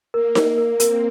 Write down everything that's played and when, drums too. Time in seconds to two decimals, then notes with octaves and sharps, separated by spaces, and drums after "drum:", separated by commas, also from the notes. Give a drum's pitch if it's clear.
0.14 A#3 A#4
0.35 A#4, drum: snare D#4
0.58 A#4
0.80 C4 A#4, drum: hi-hat